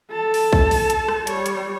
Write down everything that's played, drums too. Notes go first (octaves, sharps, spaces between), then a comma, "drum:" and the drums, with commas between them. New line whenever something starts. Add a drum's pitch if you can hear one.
A4 A5
drum: open hi-hat
drum: kick B1
drum: open hi-hat
drum: hi-hat
drum: rim click
G3 C#5, drum: hi-hat
drum: hi-hat